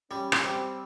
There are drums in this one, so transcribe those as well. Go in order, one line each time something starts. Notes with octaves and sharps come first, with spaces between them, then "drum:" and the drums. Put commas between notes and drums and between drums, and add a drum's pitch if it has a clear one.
G3 C#4
drum: rim click
G3 C4